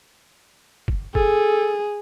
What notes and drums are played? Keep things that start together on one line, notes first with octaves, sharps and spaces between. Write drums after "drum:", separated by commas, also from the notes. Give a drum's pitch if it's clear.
drum: kick F#1
G#4 A4, drum: kick F#1